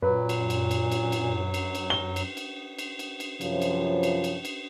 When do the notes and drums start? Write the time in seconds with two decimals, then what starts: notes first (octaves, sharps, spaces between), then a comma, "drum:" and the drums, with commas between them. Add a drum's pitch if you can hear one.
0.02 F#2 A#2 F#3 B4
0.29 drum: cymbal
0.50 drum: cymbal
0.71 drum: cymbal
0.92 drum: cymbal
1.12 drum: cymbal
1.54 drum: cymbal
1.75 drum: cymbal
1.90 G7
2.16 drum: cymbal
2.37 drum: cymbal
2.79 drum: cymbal
2.99 drum: cymbal
3.20 drum: cymbal
3.41 F#2 C3 F3 F4 B4 C#5, drum: cymbal
3.62 drum: cymbal
4.03 drum: cymbal
4.24 drum: cymbal
4.45 drum: cymbal